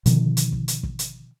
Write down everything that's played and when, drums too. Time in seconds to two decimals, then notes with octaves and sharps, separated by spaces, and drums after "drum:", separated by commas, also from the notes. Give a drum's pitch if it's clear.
0.06 B2 D3 D#3 F3, drum: hi-hat
0.37 drum: hi-hat
0.52 drum: kick
0.68 drum: hi-hat
0.83 drum: kick
0.99 drum: hi-hat